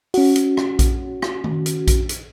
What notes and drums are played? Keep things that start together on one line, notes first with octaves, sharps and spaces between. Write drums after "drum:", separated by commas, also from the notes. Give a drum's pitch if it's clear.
C#4 F#4, drum: open hi-hat
drum: hi-hat
drum: rim click
drum: kick A#1, hi-hat
drum: rim click
drum: tom D#3
drum: hi-hat
drum: kick A#1, hi-hat
drum: hi-hat